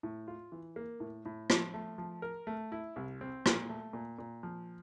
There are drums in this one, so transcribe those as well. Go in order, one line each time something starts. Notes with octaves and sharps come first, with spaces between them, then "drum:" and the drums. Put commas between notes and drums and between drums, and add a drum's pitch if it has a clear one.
A2
F4
E3
A#3
A2
A2
F3, drum: rim click
A3
F3
A#4
A3
E4
C2
C4
A#2, drum: rim click
A3
A#2
A#2
F3